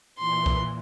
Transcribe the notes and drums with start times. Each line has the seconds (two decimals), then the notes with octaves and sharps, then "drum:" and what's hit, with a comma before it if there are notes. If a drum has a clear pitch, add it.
0.18 A#2 E3 C6
0.46 drum: kick